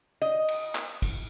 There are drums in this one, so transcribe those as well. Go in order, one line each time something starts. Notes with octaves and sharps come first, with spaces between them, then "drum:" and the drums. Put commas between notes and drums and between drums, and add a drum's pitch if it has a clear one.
D#5
drum: cymbal
drum: clap
drum: kick, cymbal